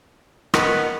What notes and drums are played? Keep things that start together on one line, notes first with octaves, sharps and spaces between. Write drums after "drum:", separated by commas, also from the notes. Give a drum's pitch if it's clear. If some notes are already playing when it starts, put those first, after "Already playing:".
D#3 B3, drum: rim click